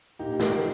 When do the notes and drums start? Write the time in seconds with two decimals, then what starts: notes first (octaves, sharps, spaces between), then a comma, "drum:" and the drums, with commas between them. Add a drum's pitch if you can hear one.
0.19 A#2 D#4 G4
0.40 drum: snare